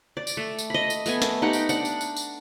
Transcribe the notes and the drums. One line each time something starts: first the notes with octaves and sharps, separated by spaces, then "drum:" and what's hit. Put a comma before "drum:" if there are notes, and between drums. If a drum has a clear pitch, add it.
D5
drum: tambourine
A3
drum: tambourine
D#5 B5
drum: tambourine
A3 B3 G#5, drum: tambourine
drum: snare
D#4 G4 F#5
drum: tambourine
D4 F#5, drum: tambourine
drum: tambourine
drum: tambourine
drum: tambourine